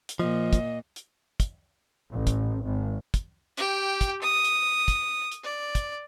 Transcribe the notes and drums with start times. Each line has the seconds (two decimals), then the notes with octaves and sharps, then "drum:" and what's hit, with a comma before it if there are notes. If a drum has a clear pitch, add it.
0.09 drum: hi-hat
0.19 A#2 F3 D#5
0.53 drum: kick, hi-hat
0.96 drum: hi-hat
1.40 drum: kick, hi-hat
2.11 A1
2.27 drum: kick, hi-hat
2.64 G#1
3.14 drum: kick, hi-hat
3.57 G4 G5, drum: hi-hat
4.01 drum: kick, hi-hat
4.22 D#6
4.44 drum: hi-hat
4.88 drum: kick, hi-hat
5.31 drum: hi-hat
5.43 D5
5.75 drum: kick, hi-hat